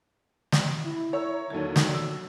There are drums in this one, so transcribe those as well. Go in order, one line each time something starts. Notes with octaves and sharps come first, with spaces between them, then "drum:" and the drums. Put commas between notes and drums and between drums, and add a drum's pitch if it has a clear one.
drum: snare
E4
C#5 A#5 E6
D#2 D3 F#3 A4 G#6
drum: snare
E6